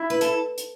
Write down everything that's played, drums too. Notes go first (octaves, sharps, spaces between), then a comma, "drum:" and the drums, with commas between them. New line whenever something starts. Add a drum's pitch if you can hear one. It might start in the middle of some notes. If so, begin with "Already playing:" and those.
Already playing: E4
B4
A4, drum: hi-hat
drum: hi-hat